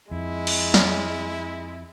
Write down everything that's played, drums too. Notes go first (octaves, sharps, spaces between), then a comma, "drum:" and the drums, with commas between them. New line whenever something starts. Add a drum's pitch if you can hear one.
F2 G#3 E4
drum: cymbal
drum: snare